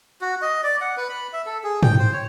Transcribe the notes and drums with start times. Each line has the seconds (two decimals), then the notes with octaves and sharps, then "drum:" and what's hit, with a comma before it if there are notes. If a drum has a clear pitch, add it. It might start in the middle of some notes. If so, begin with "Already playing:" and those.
0.21 F#4
0.42 D#5
0.63 D5
0.81 F#5
0.97 B4
1.09 B5
1.33 E5
1.46 A4
1.64 G#4
1.83 G5, drum: tom G#2
1.99 C5
2.13 C#5